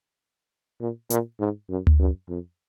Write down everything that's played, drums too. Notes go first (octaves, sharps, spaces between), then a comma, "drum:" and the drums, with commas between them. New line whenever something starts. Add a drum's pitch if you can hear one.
A#2
A#2, drum: hi-hat
G#2
F#2
drum: tom D2
F#2
F2